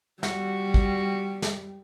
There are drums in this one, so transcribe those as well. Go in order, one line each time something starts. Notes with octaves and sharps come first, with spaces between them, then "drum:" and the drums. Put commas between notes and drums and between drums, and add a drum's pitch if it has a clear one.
G3 F#4, drum: snare
drum: kick
drum: snare